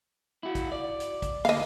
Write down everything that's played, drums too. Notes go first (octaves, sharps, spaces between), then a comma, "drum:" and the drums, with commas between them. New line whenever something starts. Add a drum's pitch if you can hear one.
E4 F#4
drum: kick, hi-hat
D5
drum: hi-hat
drum: kick, hi-hat
D2 G2 A#3 D#5 F5, drum: open hi-hat